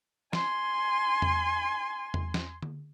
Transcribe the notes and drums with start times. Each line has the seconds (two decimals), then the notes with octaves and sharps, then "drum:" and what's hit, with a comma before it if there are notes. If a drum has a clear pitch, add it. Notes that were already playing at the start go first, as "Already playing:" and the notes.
0.33 G#5 C6, drum: snare
1.22 drum: tom E2
2.14 drum: tom E2
2.34 drum: snare
2.62 drum: tom D3